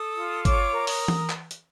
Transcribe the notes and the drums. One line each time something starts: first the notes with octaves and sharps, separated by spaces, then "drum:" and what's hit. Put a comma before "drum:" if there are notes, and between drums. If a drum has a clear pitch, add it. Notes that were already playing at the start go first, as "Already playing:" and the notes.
Already playing: A4 D#6
F4
C#5 D6, drum: kick, hi-hat
A#4
D#6, drum: open hi-hat
drum: tom E3
drum: clap
drum: hi-hat